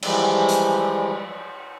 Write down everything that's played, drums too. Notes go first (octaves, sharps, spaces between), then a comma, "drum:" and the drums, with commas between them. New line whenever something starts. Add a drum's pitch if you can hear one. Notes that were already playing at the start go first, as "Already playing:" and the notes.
E3 F3 G3 G#3, drum: cymbal
drum: hi-hat